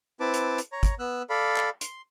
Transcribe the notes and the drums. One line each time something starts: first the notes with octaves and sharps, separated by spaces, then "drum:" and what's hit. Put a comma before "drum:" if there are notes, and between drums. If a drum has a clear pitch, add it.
C4 E4 B4 A5 D6
drum: hi-hat
drum: hi-hat
C#5 A#5
drum: kick, hi-hat
B3 E6 F#6
A4 D5 F5 B5
drum: clap
C6, drum: hi-hat